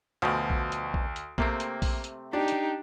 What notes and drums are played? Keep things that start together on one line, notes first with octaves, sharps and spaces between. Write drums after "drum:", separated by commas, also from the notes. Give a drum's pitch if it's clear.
D2 B2 F3
drum: kick A#1
drum: hi-hat
drum: kick A#1
drum: hi-hat
C3 A3 A#3 C4, drum: kick A#1
drum: hi-hat
drum: kick A#1, open hi-hat
drum: hi-hat
D4 D#4 G4
drum: hi-hat